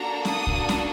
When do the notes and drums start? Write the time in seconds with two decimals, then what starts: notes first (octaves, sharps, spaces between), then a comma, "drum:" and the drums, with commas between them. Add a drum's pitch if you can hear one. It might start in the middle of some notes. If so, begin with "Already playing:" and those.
Already playing: A#3 D4 F#4 A4 A#5
0.25 D#6, drum: snare C#4
0.47 drum: kick C2
0.69 drum: snare C#4